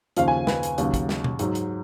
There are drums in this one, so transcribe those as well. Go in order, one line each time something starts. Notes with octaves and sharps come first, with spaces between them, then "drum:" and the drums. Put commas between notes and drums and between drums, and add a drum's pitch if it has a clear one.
D#2 C#3 F3 F5, drum: hi-hat
G#5
B4, drum: snare
drum: hi-hat
D#2 C#3 F#3, drum: hi-hat
drum: kick, hi-hat
drum: snare
drum: tom B2
G#2 F#3, drum: hi-hat
drum: hi-hat